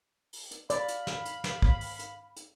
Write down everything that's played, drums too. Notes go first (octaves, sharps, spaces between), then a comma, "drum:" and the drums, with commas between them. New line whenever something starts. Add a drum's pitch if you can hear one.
drum: open hi-hat
drum: hi-hat
D5 F5 B5, drum: hi-hat
drum: hi-hat
drum: snare
drum: hi-hat
drum: snare
drum: kick
drum: open hi-hat
drum: hi-hat
drum: hi-hat